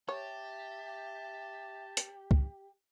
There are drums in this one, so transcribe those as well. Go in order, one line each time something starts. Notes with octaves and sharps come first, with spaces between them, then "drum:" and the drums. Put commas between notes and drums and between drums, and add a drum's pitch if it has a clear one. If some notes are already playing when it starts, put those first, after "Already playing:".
G4 C#5 E5 A5
drum: hi-hat
drum: kick C#2